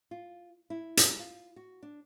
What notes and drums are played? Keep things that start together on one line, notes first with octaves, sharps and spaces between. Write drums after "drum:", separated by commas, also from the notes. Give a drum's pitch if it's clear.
F4
E4
G3, drum: hi-hat
F4
F#4
D4